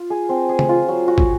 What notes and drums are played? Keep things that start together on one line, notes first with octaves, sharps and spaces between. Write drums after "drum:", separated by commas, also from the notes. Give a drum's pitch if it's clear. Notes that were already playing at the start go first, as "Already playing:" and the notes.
Already playing: F4
G#4
C4
G#4
drum: tom
F4
F#3
F#4
drum: kick